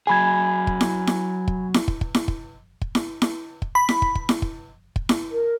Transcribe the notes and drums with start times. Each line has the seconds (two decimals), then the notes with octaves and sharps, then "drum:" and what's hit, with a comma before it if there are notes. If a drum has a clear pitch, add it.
0.07 F#3 G#4 G#5 B5 G#6
0.67 drum: kick
0.81 drum: snare E4
1.07 drum: snare E4
1.48 drum: kick
1.74 drum: snare E4
1.88 drum: kick
2.01 drum: kick
2.15 drum: snare E4
2.28 drum: kick
2.81 drum: kick
2.95 drum: snare E4
3.22 drum: snare E4
3.62 drum: kick
3.75 B5
3.89 drum: snare E4
4.02 drum: kick
4.15 drum: kick
4.29 drum: snare E4
4.42 drum: kick
4.96 drum: kick
5.09 drum: snare E4
5.31 A#4